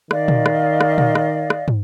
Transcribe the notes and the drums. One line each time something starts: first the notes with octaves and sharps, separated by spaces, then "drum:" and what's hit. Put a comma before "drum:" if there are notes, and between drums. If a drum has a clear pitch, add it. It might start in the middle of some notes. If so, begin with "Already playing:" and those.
D#3 D5 D#5 F5, drum: rim click
drum: tom A#2
drum: rim click
drum: rim click
drum: tom A#2
drum: rim click
drum: rim click
drum: tom